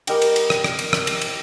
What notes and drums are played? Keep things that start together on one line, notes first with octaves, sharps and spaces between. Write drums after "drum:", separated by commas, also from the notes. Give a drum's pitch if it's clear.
G3 A#4 D#5 G5, drum: cymbal
drum: cymbal
drum: cymbal
drum: rim click
drum: rim click
drum: cymbal
drum: rim click
drum: cymbal
drum: cymbal